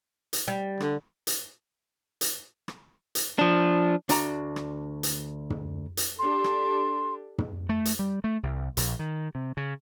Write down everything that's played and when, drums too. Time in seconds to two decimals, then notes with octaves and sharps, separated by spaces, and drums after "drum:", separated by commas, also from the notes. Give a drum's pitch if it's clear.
0.33 drum: hi-hat
0.48 G3
0.80 D3, drum: rim click
1.27 drum: hi-hat
2.21 drum: hi-hat
2.68 drum: rim click
3.15 drum: hi-hat
3.39 F3 D4
4.09 D2 D4 F#4 A#5, drum: hi-hat
4.56 drum: rim click
5.03 drum: hi-hat
5.50 drum: tom
5.97 drum: hi-hat
6.19 D4 G4 A4 C6
6.44 drum: rim click
7.38 drum: tom
7.69 A3
7.85 drum: hi-hat
7.99 G3
8.24 A3
8.43 C2
8.77 A#1, drum: hi-hat
8.99 D#3
9.35 C3
9.57 C#3